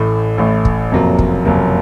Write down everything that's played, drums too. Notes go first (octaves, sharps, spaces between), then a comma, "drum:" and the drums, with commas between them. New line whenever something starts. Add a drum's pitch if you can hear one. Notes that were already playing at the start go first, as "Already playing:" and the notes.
Already playing: A1 A2 A3
A1 A2 A3
drum: kick
F#1 F2 C3 F#3 A#3
drum: kick
F#1 F2 C3 F#3 A#3